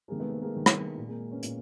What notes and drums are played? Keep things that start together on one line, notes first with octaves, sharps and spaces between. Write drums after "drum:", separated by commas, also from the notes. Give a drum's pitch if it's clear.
C3 D#3 G#3 A#3
A3 B3
A#3 C4
G#3 A#3
C3 D#3
drum: rim click
A#2
G#3 A#3
B3 C#4
A#2, drum: hi-hat